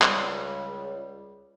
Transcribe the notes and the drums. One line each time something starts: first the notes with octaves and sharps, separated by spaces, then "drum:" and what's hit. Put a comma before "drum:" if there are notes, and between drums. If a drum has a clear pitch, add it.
C#2 G3, drum: clap